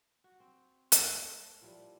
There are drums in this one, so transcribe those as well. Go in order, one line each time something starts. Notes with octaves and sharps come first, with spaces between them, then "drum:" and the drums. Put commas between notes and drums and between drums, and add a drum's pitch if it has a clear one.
F#4
C4
G#3 A3 C#5, drum: hi-hat
A4
A#2 F3 G3 E4